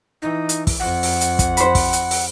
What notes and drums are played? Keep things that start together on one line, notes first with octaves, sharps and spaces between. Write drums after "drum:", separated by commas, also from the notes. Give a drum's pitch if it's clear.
E3 D#4
drum: hi-hat
drum: kick, open hi-hat
F2 F#5
drum: open hi-hat
drum: hi-hat
drum: kick, hi-hat
C5 B5, drum: hi-hat
drum: kick, open hi-hat
drum: hi-hat
drum: open hi-hat